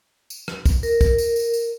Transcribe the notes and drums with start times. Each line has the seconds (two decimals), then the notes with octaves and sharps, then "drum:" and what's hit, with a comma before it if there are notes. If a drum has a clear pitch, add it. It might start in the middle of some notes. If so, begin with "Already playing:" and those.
0.30 drum: tambourine
0.48 drum: rim click
0.66 drum: kick, tambourine
0.83 A#4, drum: tambourine
1.01 drum: kick, tambourine
1.18 drum: tambourine
1.36 drum: tambourine
1.54 drum: tambourine